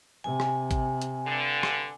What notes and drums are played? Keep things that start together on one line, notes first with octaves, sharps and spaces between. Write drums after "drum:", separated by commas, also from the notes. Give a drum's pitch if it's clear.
C3 G#5
drum: rim click
drum: kick A1, hi-hat
drum: hi-hat
G2 D3
drum: rim click